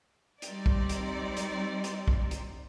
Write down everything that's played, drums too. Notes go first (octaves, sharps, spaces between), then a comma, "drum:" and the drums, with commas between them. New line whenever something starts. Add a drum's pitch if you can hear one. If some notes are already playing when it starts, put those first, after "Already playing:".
G3 C4 D#4 D5, drum: hi-hat
drum: kick
drum: hi-hat
drum: hi-hat
drum: hi-hat
drum: kick
drum: hi-hat